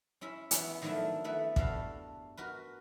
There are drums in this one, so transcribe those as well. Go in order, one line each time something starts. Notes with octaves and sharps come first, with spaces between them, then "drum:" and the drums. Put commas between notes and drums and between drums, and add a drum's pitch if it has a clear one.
C#4 E4 E5 B5
E3 B3 C#4 E4, drum: hi-hat
D#3 F3 F#3 A3 D4 E4
A3 B3 E4 B4
G2 D4 F#4 A4 F5 B5, drum: kick
F#4 A#4 B4